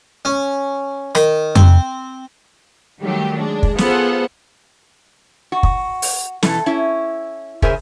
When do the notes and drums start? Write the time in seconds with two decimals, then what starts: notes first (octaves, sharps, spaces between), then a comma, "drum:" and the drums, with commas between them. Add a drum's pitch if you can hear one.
0.25 C#4
1.15 D#3, drum: rim click
1.55 C4, drum: tom F2
3.01 D#3 F#3 G3 A3 G4
3.39 G#3 D4
3.63 drum: kick
3.78 B3 F4 G#4 A4 C5 F#5, drum: snare
5.52 F#4
5.63 drum: kick
6.02 drum: open hi-hat
6.43 B2 E3 A4, drum: snare
6.66 C#4 E4
7.62 C#3 G#4 A#4 C5 E5 G#5, drum: kick